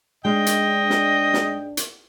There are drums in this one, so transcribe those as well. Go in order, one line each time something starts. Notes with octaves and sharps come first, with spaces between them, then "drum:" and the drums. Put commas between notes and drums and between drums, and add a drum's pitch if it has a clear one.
G#2 G#3 D4 D#5 G5
drum: hi-hat
drum: snare
drum: snare
drum: hi-hat